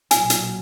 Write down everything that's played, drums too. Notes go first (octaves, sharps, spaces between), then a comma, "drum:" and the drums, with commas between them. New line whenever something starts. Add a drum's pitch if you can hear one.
B1 A#2 F#3 G#5, drum: hi-hat
drum: hi-hat